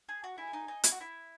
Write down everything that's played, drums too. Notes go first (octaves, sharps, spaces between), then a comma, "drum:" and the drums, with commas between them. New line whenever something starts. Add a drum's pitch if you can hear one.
G#4
F#4
E4 G#5
D#4
D#4
E4, drum: hi-hat
F#4
E4